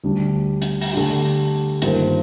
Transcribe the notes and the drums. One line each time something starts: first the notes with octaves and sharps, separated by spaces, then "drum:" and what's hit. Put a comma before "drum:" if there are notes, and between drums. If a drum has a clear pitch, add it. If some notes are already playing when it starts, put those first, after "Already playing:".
D2 D3 G3 D4
drum: hi-hat
drum: open hi-hat
D3 A3 D4 G4
G2 D#3 A#3 F4 C5, drum: hi-hat